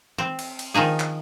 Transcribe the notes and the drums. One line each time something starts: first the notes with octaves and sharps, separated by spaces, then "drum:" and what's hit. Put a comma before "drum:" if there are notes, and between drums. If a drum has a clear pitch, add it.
C4, drum: tom E3
drum: cymbal
drum: cymbal
D#3 F3 D#4 G#4
drum: clap